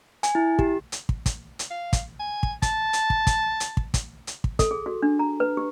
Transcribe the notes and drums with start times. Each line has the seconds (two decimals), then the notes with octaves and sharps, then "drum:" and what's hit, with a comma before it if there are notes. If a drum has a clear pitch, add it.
0.23 G#5, drum: hi-hat
0.35 E4
0.59 G4, drum: kick
0.92 drum: hi-hat
1.09 drum: kick
1.26 drum: kick, hi-hat
1.59 drum: hi-hat
1.70 F5
1.93 drum: kick, hi-hat
2.20 G#5
2.43 drum: kick
2.62 A5, drum: kick, hi-hat
2.93 drum: hi-hat
3.10 drum: kick
3.27 drum: kick, hi-hat
3.60 drum: hi-hat
3.77 drum: kick
3.94 drum: kick, hi-hat
4.27 drum: hi-hat
4.44 drum: kick
4.59 A4, drum: kick, hi-hat
4.71 G#4
4.86 F#4
5.02 D4
5.19 A#5
5.40 B4
5.57 G4